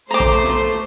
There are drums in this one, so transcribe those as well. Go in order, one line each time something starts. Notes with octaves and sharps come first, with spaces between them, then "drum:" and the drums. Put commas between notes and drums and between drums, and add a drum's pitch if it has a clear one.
A3 C5 A#5 D6
drum: kick
drum: snare